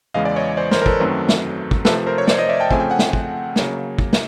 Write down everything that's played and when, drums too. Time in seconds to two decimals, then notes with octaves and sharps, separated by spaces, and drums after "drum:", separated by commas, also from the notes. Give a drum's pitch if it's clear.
0.14 E2 C#3 E3 G#3 D#5 F5
0.25 D5
0.36 C#5 D#5
0.57 C5 D5
0.71 A#4 C5, drum: snare
0.82 A#4
0.86 A4 B4, drum: kick
1.00 F#2 D#3 F#3 A3 C4
1.29 drum: snare
1.71 drum: kick
1.85 C3 F3 A3 A4 B4, drum: snare
2.07 A#4 C5
2.18 C#5
2.27 C5 D5, drum: snare
2.38 C#5 D#5
2.49 D5 E5
2.60 G5 A5
2.71 C#3 F3 A3 C4 G#5, drum: kick
2.80 G5
2.90 F#5 G#5
2.99 drum: snare
3.13 drum: kick
3.56 C#3 F#3 A#3, drum: snare
3.99 drum: kick
4.13 drum: snare